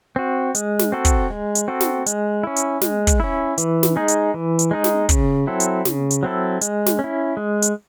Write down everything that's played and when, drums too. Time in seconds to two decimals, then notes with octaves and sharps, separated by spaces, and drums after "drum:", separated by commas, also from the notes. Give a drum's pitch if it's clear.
0.16 C4 F#4
0.55 G#3, drum: hi-hat
0.79 drum: snare
0.92 C4 F#4 A4
1.05 drum: kick, hi-hat
1.30 G#3
1.55 drum: hi-hat
1.68 C4 F#4 A4
1.80 drum: snare
2.06 G#3, drum: hi-hat
2.43 C#4 E4
2.56 drum: hi-hat
2.81 G#3, drum: snare
3.07 drum: kick, hi-hat
3.20 C#4 E4
3.58 E3, drum: hi-hat
3.83 drum: snare
3.96 G#3 D#4 G#4
4.08 drum: hi-hat
4.34 E3
4.59 drum: hi-hat
4.71 G#3 D#4 G#4
4.84 drum: snare
5.09 C#3, drum: kick, hi-hat
5.47 F#3 C4 E4 A4
5.60 drum: hi-hat
5.85 C#3, drum: snare
6.11 drum: hi-hat
6.23 F#3 C4 E4 A4
6.61 G#3, drum: hi-hat
6.86 drum: snare
6.99 C#4
7.04 E4
7.37 G#3
7.62 drum: hi-hat